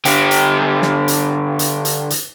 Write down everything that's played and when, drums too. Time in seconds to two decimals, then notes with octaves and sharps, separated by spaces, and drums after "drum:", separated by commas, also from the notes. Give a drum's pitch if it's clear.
0.05 D3 G4, drum: hi-hat
0.31 drum: hi-hat
0.82 drum: snare
1.08 drum: hi-hat
1.59 drum: hi-hat
1.85 drum: hi-hat
2.10 drum: hi-hat